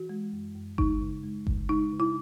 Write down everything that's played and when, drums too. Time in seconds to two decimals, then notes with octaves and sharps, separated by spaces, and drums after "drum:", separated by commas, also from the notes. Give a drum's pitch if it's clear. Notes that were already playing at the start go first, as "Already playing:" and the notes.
Already playing: E3 F#4
0.09 G#3
0.33 F#2
0.55 F#2
0.78 G#3 D#4, drum: kick G1
1.01 C#3
1.23 G#3
1.47 C#3, drum: kick G1
1.69 G#3 D#4
1.92 C#3
2.00 E4